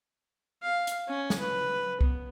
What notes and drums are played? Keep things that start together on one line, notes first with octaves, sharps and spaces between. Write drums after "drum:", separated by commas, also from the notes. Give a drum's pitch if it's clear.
F5
drum: hi-hat
C#4
drum: snare
B4
B3, drum: kick